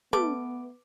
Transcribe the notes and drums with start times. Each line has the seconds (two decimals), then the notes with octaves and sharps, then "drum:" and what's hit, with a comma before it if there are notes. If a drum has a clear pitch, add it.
0.13 A3 B3 B4 D6, drum: tom